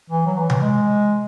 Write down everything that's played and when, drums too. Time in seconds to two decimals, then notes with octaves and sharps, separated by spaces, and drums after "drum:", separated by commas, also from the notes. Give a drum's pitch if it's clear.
0.10 E3
0.26 F#3
0.37 E3
0.50 E3, drum: tom C3
0.62 G#3